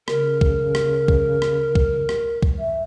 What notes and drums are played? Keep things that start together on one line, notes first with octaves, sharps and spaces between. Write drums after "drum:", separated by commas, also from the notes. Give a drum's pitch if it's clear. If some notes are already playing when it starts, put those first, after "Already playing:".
C#3 A#4, drum: rim click
drum: kick
drum: rim click
drum: kick
drum: rim click
drum: kick
drum: rim click
drum: kick
E5